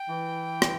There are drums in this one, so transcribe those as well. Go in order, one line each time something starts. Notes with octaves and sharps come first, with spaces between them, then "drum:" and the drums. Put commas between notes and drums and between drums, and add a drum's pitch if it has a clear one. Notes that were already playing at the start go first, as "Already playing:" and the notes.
Already playing: G5
E3
drum: rim click